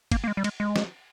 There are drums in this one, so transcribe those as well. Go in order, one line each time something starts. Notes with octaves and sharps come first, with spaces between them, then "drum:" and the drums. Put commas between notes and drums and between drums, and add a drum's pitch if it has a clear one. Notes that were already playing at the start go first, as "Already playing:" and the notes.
A#3, drum: kick, cymbal
A#3
G#3
G3
G#3, drum: cymbal
G#3
drum: snare